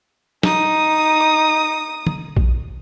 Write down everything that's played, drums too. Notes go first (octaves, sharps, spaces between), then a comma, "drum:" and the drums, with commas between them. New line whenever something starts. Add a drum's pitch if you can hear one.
D#4 D#6, drum: snare
drum: tom
drum: kick A#1